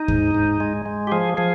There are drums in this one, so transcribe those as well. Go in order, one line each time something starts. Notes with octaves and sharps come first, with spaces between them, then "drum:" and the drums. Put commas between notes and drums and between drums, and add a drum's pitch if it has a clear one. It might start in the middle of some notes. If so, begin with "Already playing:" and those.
Already playing: D#4
G#2, drum: kick D2
G#2
G#3
G#3
G4
F3 G#4
F3 G#4